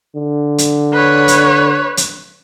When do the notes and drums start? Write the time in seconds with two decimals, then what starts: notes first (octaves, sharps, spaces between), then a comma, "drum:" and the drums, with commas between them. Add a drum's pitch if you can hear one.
0.15 D3
0.58 drum: hi-hat
0.93 B4 C#5
1.28 drum: hi-hat
1.97 drum: hi-hat